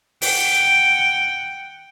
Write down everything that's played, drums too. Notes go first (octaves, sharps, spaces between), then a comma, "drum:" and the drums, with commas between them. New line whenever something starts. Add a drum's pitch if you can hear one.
F#5 G5, drum: open hi-hat